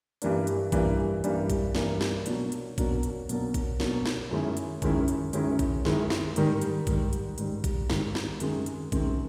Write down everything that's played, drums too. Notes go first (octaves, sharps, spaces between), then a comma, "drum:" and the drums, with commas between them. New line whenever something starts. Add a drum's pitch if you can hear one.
G2 E3 G3 A#3 D4, drum: hi-hat
drum: hi-hat
G2 E3 G3 A#3 D4, drum: kick A1, hi-hat
G2 E3 G3 A#3 D4, drum: hi-hat
drum: kick A1, hi-hat
G2 E3 G3 A#3 D4, drum: snare
drum: snare
B2 F#3 A#3 D4, drum: hi-hat
drum: hi-hat
B2 F#3 A#3 D4, drum: kick A1, hi-hat
drum: hi-hat
B2 F#3 A#3 D4, drum: hi-hat
drum: kick A1, hi-hat
B2 F#3 A#3 D4, drum: snare
drum: snare
F#2 D#3 G#3 C#4 E4
drum: hi-hat
F#2 D#3 G#3 C#4 E4, drum: kick A1, hi-hat
drum: hi-hat
F#2 D#3 G#3 C#4 E4, drum: hi-hat
drum: kick A1, hi-hat
F#2 D#3 G#3 C#4 E4, drum: snare
drum: snare
G#2 D#3 G3, drum: hi-hat
drum: hi-hat
G#2 D#3 G3, drum: kick A1, hi-hat
drum: hi-hat
G#2 D#3 G3, drum: hi-hat
drum: kick A1, hi-hat
G#2 D#3 G3, drum: snare
drum: snare
F#2 D#3 G#3 C4, drum: hi-hat
drum: hi-hat
F#2 D#3 G#3 C4, drum: kick A1, hi-hat